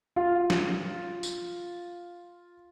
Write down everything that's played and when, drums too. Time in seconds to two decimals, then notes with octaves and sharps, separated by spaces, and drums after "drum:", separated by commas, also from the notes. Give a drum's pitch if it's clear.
0.16 F4 F5
0.50 drum: snare
1.23 drum: tambourine